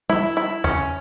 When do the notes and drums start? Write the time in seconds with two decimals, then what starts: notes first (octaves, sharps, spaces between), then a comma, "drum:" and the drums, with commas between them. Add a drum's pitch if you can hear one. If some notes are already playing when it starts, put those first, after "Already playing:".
0.10 E4, drum: tom
0.37 E4
0.64 C#4, drum: tom E2